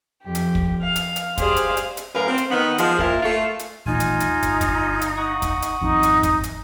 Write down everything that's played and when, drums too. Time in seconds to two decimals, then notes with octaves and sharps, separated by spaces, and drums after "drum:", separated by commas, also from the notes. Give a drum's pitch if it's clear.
0.24 F2 G4
0.35 drum: hi-hat
0.55 drum: kick
0.82 F5
0.96 drum: hi-hat
1.16 drum: hi-hat
1.38 G4 G#4 C5 D5 F5, drum: kick, hi-hat
1.56 drum: hi-hat
1.77 drum: hi-hat
1.97 drum: hi-hat
2.14 F#2 A2 A#4 B4 F5
2.28 C4
2.38 drum: hi-hat
2.51 D#3 B3
2.78 F3 G#3, drum: hi-hat
2.99 A#2 E4 F4 A#4, drum: kick
3.22 A3 F4
3.59 drum: hi-hat
3.86 D#1 A1 D#4 F4 G#5
4.00 drum: hi-hat
4.20 drum: hi-hat
4.43 G1, drum: hi-hat
4.61 drum: kick, hi-hat
4.76 F5
5.01 drum: hi-hat
5.17 F#5 C#6 D#6
5.42 drum: kick, hi-hat
5.62 drum: hi-hat
5.82 G#1 F2 D#4
6.03 drum: hi-hat
6.23 drum: kick, hi-hat
6.43 drum: hi-hat